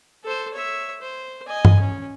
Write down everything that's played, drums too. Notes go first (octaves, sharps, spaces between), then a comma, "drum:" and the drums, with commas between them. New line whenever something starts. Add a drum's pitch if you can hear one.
A4 C5
C#5 E5
C5
D#5 G#5
drum: tom G2
C#4